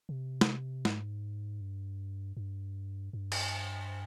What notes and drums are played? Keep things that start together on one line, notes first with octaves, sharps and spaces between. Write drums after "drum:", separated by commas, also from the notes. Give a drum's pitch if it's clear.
C3
drum: snare
G#2, drum: snare
G2
G2
G2
drum: cymbal